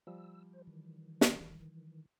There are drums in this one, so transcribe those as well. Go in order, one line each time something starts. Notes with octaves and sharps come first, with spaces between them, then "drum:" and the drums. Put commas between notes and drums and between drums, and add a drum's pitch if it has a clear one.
F3 G3 E6
C5
D#3 E3
drum: snare